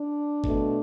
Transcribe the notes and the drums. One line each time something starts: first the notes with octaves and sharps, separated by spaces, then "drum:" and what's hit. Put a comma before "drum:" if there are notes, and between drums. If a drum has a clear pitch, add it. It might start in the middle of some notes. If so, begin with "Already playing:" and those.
Already playing: D4
B2 A3, drum: kick G1